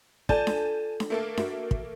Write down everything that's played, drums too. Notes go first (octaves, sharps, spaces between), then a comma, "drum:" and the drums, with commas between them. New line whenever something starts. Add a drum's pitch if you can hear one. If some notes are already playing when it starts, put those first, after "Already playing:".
F4 A4 D5 G#5 A5 G6, drum: kick
drum: snare D4
drum: snare D4
A3 A#3 A4
F#4 E5, drum: snare D4
drum: kick